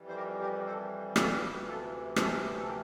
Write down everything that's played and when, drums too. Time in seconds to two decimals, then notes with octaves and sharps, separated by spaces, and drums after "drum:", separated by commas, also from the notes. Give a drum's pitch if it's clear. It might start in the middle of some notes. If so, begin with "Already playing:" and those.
Already playing: F2 E3 G3
0.08 C5
0.16 G4 A#4
0.41 G4 A#4
0.66 A4 C5
1.16 F4 A4, drum: rim click
1.41 D2 C3 E3 E4 G4
1.66 F4 A4
2.16 A4 C5, drum: rim click
2.56 A4
2.67 G4 A#4